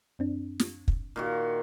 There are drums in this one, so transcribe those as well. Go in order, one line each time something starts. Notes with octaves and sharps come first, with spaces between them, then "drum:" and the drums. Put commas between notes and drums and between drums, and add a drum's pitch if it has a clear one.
F#2 C4 D4
drum: snare
drum: kick
A#2 D#3 F#4